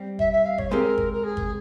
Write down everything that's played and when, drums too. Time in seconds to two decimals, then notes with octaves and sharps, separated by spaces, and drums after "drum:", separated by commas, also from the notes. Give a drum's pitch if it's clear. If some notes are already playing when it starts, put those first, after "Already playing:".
Already playing: G3 C4 G4
0.19 E5, drum: kick G1
0.32 E5
0.45 F5
0.58 C#5, drum: kick G1
0.71 G#3 C4 G4 A#4
0.98 drum: kick G1
1.12 A#4
1.24 G#4
1.37 drum: kick G1